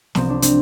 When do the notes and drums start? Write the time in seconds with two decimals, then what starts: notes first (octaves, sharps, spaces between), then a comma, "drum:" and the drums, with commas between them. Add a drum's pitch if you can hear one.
0.15 C2 C3 F3 C4, drum: snare
0.30 D4
0.42 C4, drum: hi-hat